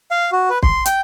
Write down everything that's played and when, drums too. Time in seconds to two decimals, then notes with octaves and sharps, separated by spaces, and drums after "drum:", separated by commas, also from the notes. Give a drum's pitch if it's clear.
0.11 F5
0.32 F#4
0.50 B4
0.63 C6, drum: kick
0.86 G5, drum: hi-hat